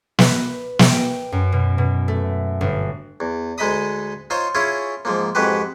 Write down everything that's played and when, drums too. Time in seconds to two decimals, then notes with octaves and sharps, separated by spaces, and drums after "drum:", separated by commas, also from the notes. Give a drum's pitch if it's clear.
0.19 B4, drum: snare
0.79 drum: snare
0.89 G5
1.32 F#2
1.52 B2
1.78 B2
2.08 A3
2.61 G1
3.20 E2
3.58 D2 G#3 D#4 D#5 B5 D#6
4.30 D#4 F4 C5 C#5 C#6
4.55 C#4 E4 F4 G#4 C#5
5.05 G#2 F3 A#3
5.35 F2 G#2 G#3 F#4 G4 B4